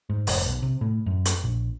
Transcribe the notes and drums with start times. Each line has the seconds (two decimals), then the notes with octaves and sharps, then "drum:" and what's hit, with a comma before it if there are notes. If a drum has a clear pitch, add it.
0.10 G#2
0.27 F1, drum: open hi-hat
0.46 B1
0.62 C3
0.81 A2
1.06 F#2
1.25 drum: hi-hat
1.44 A#1